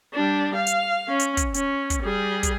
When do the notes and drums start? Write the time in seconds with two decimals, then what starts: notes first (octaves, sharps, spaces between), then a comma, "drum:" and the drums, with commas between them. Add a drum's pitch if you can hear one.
0.14 G3 D4
0.55 F5
0.67 drum: hi-hat
1.08 C#4
1.19 drum: hi-hat
1.37 drum: kick, hi-hat
1.54 C#4, drum: hi-hat
1.90 drum: kick, hi-hat
2.03 G3 G#4
2.43 drum: kick, hi-hat